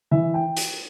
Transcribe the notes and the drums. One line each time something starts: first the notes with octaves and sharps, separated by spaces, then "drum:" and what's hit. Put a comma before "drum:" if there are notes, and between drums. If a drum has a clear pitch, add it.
E3 E5
G5
drum: hi-hat